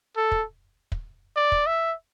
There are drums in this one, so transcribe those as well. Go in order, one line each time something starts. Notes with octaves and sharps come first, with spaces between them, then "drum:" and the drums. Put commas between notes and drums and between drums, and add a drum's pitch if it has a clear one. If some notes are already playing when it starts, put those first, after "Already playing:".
A4
drum: kick
drum: kick
D5
drum: kick
E5